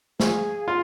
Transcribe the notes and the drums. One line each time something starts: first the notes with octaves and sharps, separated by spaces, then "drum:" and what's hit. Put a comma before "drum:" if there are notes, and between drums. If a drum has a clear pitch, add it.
G#4 F5, drum: snare
F4